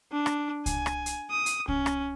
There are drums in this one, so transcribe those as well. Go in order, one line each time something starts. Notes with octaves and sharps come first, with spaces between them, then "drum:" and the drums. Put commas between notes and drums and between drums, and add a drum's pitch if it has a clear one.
D4
drum: rim click
G#5, drum: kick C2, hi-hat
drum: rim click
drum: hi-hat
D#6
drum: hi-hat
C#4, drum: kick C2
drum: rim click